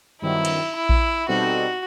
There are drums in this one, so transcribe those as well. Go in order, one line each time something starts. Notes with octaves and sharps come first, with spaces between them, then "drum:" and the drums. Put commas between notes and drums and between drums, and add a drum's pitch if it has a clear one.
G2 D#3 F#3 C4 E4
drum: cymbal
E4
drum: kick A#1
B2 G3 C4 D#4 F#4 A4